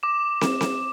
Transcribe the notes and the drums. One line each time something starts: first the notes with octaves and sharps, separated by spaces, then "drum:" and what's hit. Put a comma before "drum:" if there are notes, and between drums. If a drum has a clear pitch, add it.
D6 E7
drum: snare
drum: snare